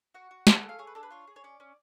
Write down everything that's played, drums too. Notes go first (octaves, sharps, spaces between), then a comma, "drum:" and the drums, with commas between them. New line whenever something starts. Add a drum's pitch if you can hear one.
F#4 F#5
F#4
G#4 A5, drum: snare
A3 F#5
F5
G#4 C#5
B4
D4 A4
B4
F4 C#5
G#4
C#5
C#4 D5
C#4